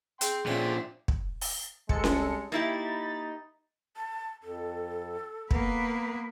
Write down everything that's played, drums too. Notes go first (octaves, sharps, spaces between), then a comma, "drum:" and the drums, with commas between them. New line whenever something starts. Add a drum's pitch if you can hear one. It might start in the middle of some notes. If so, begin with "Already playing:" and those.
G#4 G5 C6, drum: hi-hat
A#2 D3 F3 C4 C#4 E5
drum: kick
drum: open hi-hat
C2 G#3 A4 C#7, drum: kick
drum: snare C#4
A#3 D#4 E4 G4 B5 A6
A5
F2 A4
A#3 B3 B4, drum: kick